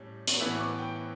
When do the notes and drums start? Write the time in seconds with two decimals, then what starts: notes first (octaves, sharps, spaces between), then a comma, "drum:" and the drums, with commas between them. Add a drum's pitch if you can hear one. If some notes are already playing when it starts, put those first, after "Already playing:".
Already playing: A2 G3 C#4
0.27 drum: hi-hat
0.40 A2 E3 B3 E4 E6
0.53 C#6
0.60 D6
0.79 G5